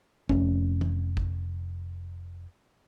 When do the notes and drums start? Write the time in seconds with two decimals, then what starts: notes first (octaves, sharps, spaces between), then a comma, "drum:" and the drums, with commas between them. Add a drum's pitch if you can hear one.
0.29 F1 C#4, drum: kick G1
0.81 drum: tom
1.17 drum: kick G1